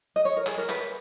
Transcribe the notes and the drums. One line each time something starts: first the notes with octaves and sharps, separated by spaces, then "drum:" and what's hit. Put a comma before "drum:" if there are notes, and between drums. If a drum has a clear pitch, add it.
D#5
C#5
A#4
G#4, drum: clap
A#4
B4, drum: clap